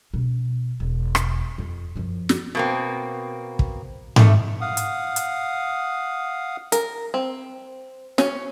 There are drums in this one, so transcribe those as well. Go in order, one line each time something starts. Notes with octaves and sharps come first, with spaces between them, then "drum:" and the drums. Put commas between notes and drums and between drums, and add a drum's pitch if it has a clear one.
B2 C#4
E1
drum: rim click
F2
F#2 F3
drum: snare
B2 A#3 C4
drum: kick
A3 A#3 D#4, drum: tom G#2
F5 F#5 D#6
drum: hi-hat
drum: hi-hat
A#4, drum: hi-hat
C4
C#4, drum: snare